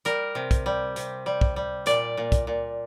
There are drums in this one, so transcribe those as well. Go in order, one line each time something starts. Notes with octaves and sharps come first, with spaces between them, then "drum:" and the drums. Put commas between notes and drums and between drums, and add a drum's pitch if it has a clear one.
G3 A#4, drum: hi-hat
C3
drum: kick, hi-hat
G3
C3, drum: hi-hat
G3
drum: kick
G3
A#2 D5, drum: hi-hat
A#2
drum: kick, hi-hat
A#2